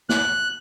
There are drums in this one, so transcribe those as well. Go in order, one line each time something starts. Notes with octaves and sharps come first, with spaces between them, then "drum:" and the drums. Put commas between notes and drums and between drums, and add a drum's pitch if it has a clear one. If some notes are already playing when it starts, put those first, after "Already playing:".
F#6, drum: snare